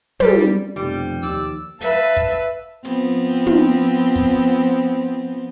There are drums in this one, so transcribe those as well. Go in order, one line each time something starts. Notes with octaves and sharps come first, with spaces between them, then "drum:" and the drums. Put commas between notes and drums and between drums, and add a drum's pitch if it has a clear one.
G3, drum: tom
F1 B2 D#3 F3 G3
D#2 D5 E6
B4 E5 F5 A5
drum: kick
F3 B3 C4, drum: hi-hat
drum: tom
drum: kick